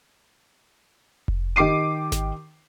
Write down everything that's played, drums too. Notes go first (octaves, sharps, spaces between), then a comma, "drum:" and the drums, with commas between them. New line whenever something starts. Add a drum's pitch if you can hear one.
drum: kick F1
D#3 G4 D6 C7 D#7
drum: snare G#1